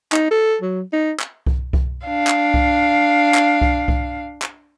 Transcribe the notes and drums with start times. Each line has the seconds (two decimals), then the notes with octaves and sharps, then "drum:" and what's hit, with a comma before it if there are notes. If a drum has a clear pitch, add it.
0.12 D#4, drum: clap
0.31 A4
0.62 F#3
0.93 D#4
1.20 drum: clap
1.47 drum: kick C2
1.73 drum: kick C2
2.06 D4 F5
2.27 drum: clap
2.54 drum: kick C2
3.35 drum: clap
3.61 drum: kick C2
3.88 drum: kick C2
4.42 drum: clap